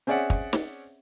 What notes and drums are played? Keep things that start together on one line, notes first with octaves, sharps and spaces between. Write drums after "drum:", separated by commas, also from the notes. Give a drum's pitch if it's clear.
C4 C#4 G#4 D5 E5 F#5
drum: kick
drum: snare